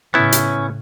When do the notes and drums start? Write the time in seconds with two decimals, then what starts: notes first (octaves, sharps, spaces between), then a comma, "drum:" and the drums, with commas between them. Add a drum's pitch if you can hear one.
0.14 A2 C#3 B3 C#4 E4
0.32 drum: hi-hat